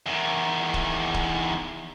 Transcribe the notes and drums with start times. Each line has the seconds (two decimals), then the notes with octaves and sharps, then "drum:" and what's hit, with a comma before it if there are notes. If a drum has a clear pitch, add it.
0.06 E2 D#3
0.74 drum: kick
1.14 drum: kick